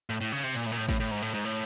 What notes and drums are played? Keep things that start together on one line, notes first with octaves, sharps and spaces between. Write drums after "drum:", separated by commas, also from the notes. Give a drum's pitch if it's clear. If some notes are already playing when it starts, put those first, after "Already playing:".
A2
A2
C#3
C3
A#2, drum: cymbal
A2
A#2
A2
A2, drum: kick G#1
A2
G#2
A2
G#2
A2